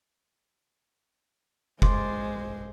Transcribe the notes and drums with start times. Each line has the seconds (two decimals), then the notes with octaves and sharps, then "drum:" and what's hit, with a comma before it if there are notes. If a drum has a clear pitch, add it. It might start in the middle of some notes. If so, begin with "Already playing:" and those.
1.82 G#3 C5 C6 D6 A6, drum: kick F1